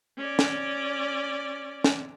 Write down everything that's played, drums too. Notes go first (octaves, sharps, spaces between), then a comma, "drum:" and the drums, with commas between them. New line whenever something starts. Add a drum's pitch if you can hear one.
C#4 D5
drum: snare
drum: snare